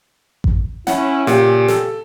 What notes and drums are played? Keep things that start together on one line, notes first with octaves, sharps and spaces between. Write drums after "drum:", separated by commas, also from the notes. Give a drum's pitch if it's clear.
drum: kick A1
C#4 E4 F#5, drum: snare
A#2 C#3 G4, drum: snare
A4, drum: snare